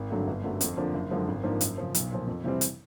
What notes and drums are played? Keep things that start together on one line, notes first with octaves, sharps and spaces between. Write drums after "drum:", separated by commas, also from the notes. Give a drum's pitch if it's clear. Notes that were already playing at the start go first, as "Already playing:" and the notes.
Already playing: G#1
G2 D3 F#3 A3
G1
F#2 D3 F#3 A3
F2, drum: hi-hat
D3 F3 A#3 D4
F#1
F#2 D3 F3 G#3
G#1
G#2 F3 A#3 D4
F#2, drum: hi-hat
C#3 F3
B1, drum: hi-hat
A#2 F3
F2
C3 E3 G3 C4
drum: hi-hat